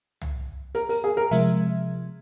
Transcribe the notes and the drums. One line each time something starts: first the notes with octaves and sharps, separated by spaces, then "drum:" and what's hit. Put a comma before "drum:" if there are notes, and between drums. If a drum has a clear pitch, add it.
drum: tom C2
A#4, drum: hi-hat
A#4, drum: open hi-hat
G#4
A#4
C3 F3 G#3 E5